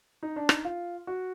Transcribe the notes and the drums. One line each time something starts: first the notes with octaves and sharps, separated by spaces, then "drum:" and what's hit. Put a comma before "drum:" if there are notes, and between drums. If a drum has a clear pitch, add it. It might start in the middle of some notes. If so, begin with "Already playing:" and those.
D#4
D4
D#4, drum: rim click
F4
F#4